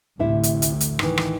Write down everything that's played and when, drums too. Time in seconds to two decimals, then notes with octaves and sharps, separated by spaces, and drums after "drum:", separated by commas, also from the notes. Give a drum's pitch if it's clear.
0.19 A1 D2 A2 C3 E4
0.43 drum: hi-hat
0.62 drum: hi-hat
0.80 drum: hi-hat
0.99 D#3 E3, drum: rim click
1.18 drum: rim click